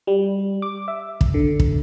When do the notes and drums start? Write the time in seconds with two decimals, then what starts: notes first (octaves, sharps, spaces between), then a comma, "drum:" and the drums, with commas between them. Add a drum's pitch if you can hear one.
0.07 G3
0.62 D6
0.88 E5
1.21 drum: kick
1.34 D3
1.60 drum: kick